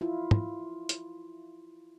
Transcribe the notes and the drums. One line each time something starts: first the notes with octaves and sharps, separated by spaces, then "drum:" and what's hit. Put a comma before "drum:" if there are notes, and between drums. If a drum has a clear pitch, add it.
E4 F4
drum: tom
drum: hi-hat